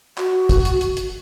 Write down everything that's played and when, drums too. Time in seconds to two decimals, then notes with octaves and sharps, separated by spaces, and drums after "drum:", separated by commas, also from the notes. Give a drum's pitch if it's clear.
0.18 F#4, drum: clap
0.49 drum: kick, hi-hat
0.65 drum: hi-hat
0.81 drum: hi-hat
0.97 drum: hi-hat